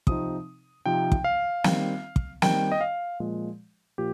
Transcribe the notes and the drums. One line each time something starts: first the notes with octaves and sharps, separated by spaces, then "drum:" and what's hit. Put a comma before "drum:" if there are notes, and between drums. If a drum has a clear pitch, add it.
C3 F3 C4 D#4 D#6, drum: kick
C3 F3 C4 D#4 G5
drum: kick
F5
D#3 G3 C4, drum: snare
drum: kick
D#3 G3 C4 G5, drum: snare
D#5
F5
A#2 F3 G#3
A#2 F3 G4